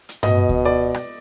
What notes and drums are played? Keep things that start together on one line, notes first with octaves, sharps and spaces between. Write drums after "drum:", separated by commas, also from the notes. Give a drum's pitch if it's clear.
drum: hi-hat
B2 D#5, drum: tom G2
drum: kick D2
D5
drum: rim click